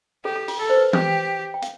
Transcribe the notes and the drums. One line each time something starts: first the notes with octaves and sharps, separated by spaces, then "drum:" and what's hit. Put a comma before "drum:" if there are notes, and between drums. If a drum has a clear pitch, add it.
G4 A4
A4
F4, drum: open hi-hat
A4
C5
B4
G4, drum: tom E3
G5
F5, drum: hi-hat